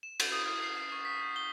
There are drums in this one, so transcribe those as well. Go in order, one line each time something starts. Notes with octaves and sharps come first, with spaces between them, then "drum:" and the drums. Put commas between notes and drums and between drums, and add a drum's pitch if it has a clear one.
E7
A6, drum: cymbal
D#6
F6
C7
C7
C#6
B6
G6
G7